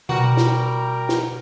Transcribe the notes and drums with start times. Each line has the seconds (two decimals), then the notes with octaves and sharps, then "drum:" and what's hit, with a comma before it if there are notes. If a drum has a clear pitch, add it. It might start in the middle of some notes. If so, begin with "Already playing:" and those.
0.09 B2 G3 F#4 A#4 G5 A#5, drum: tom B2
0.37 drum: snare
1.09 drum: snare